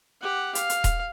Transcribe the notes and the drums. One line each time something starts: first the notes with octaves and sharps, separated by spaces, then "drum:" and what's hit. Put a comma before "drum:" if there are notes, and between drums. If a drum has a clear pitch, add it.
G4 F#5
F5, drum: hi-hat
drum: hi-hat
drum: kick D#1, hi-hat